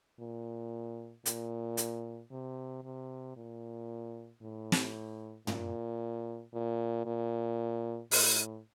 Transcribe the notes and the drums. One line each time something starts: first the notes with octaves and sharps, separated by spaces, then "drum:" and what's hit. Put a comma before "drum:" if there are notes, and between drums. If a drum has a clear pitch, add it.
A#2
A#2, drum: hi-hat
drum: hi-hat
C3
C3
A#2
A2
drum: snare
A#2, drum: tom
A#2
A#2
A2, drum: open hi-hat